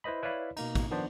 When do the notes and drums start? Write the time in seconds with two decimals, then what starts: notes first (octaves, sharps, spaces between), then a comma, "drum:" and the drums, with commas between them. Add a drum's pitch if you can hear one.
0.04 E4 B4 C5 D#5 B5
0.23 E4 B4 C#5 D5 F5 B5
0.57 B2 A#3 D#4, drum: cymbal
0.75 drum: kick, cymbal
0.90 D#3 F3 B3 D4 C5 D5